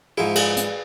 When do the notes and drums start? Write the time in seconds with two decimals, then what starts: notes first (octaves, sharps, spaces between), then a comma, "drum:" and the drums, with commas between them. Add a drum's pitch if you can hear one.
0.18 G#2 F3 E4 G#4
0.35 G#4, drum: cymbal
0.57 drum: hi-hat